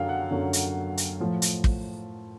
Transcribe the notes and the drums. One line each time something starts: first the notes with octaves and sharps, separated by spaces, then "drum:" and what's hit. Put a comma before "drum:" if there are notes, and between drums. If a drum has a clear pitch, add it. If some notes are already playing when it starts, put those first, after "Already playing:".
Already playing: F#2 D3 F#3 F5 G5
F#5
F#2 D3 F#3
drum: hi-hat
drum: hi-hat
A2 F3
drum: hi-hat
drum: kick